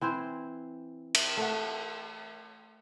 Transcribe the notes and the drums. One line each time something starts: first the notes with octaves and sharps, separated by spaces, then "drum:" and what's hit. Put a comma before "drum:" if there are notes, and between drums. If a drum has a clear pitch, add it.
E3 C4 E4 C5
drum: cymbal
A3 F#5